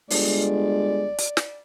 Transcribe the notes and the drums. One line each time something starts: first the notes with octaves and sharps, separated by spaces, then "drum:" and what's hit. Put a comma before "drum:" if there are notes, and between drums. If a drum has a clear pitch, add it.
G1 G#3 D5, drum: open hi-hat
drum: hi-hat
drum: snare